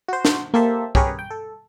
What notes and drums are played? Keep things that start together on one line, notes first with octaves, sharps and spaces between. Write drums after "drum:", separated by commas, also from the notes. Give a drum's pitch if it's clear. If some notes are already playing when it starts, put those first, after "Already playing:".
F#4 C5
drum: snare
A#3 G4 A4 C5 E5
C#4 G4 G#4 A#4 B4 C#5, drum: kick
G5
A4